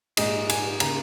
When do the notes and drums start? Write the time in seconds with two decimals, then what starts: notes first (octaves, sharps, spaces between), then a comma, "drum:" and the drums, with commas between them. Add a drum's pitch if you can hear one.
0.17 A#1 G#2 G#3 D#4 D#5, drum: cymbal
0.49 G#5, drum: cymbal
0.80 C#3 A#3 A#5, drum: cymbal